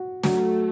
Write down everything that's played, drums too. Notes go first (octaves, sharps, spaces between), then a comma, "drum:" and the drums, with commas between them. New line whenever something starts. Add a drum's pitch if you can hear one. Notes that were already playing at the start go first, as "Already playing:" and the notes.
Already playing: F#4
F#3 A3, drum: snare